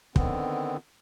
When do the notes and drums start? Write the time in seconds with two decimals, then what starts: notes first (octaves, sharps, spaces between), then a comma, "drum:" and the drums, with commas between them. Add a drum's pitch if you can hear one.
0.16 D3 D#3 B3 C4, drum: kick